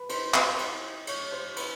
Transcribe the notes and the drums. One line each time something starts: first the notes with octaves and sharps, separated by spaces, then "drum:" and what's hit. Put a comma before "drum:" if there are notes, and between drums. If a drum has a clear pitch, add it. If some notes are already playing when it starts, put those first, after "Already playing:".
Already playing: B4 B5
C5 C6, drum: cymbal
C5 C6, drum: clap
drum: cymbal
C#5 C#6, drum: cymbal
C5 C6
B4 B5, drum: cymbal